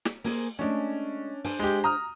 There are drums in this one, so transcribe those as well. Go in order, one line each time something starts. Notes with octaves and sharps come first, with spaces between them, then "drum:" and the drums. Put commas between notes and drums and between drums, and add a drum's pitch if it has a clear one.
drum: snare
A#3 G#4 C5, drum: open hi-hat
G#3 A3 C#4 D4
D4 C5 G#5, drum: open hi-hat
G#3 G4
A#5 D#6 F6